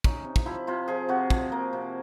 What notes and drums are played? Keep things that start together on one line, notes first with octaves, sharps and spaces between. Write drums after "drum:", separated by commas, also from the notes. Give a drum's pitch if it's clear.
C#4 D#4, drum: kick
C3
drum: kick
F3 E4
C3 F4
F3 G#4
C3 F#4
F3, drum: kick
A#3
C3